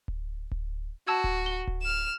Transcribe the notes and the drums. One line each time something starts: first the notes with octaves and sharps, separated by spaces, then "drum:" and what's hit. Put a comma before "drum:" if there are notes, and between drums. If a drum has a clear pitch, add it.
drum: kick D1
drum: kick D1
F#4 A5 E6 G#6
drum: kick D1
G7
drum: kick D1
F6 E7